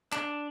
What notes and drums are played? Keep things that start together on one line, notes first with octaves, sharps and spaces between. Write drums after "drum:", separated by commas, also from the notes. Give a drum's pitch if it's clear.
D4, drum: clap